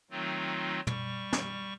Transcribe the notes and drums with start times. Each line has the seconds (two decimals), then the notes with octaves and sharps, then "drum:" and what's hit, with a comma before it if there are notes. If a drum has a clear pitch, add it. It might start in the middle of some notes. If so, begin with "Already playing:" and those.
0.11 D#3 F#3 A3 C4 D#4 F4
0.87 G3 C#6, drum: tom
1.33 drum: snare